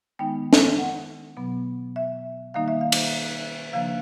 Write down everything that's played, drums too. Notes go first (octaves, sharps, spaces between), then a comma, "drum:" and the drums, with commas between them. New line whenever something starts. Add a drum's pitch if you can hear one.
D#3 G#3 B3 D#4 G5
drum: snare
F#5
B2 F#3 B3
E5
D#3 G3 A#3 D#4 F5
E5
F5
drum: cymbal
C#3 F3 A#3 D4 F5